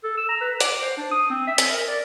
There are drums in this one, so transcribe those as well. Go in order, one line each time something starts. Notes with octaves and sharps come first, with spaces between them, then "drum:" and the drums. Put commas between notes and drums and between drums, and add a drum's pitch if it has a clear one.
A4
E6
A#5
B4
D6, drum: hi-hat
C5
D4
D#6
C4
E5
drum: hi-hat
A#4
D5